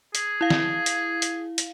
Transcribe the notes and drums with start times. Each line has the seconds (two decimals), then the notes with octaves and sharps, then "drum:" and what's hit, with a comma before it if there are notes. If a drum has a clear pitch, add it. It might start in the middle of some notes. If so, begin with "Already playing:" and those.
0.15 G#4, drum: hi-hat
0.41 E4 F5
0.50 drum: snare
0.86 drum: hi-hat
1.22 drum: hi-hat
1.58 drum: hi-hat